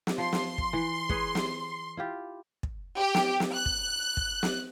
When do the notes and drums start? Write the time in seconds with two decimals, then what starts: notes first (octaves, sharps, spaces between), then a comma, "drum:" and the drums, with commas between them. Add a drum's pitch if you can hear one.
0.07 drum: snare
0.18 F3 C6
0.33 drum: snare
0.58 drum: kick
0.73 E3
1.09 G#4 B4 C#5, drum: kick
1.35 drum: snare
1.97 E4 F4 G4
2.63 drum: kick
2.98 G4
3.14 drum: snare
3.40 drum: snare
3.54 F#6
3.66 drum: kick
4.17 drum: kick
4.43 drum: snare